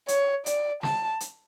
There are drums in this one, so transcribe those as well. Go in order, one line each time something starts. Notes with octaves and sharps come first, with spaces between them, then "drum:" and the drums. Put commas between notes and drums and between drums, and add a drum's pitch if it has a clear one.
C#5, drum: hi-hat
D5, drum: hi-hat
A5, drum: snare
drum: hi-hat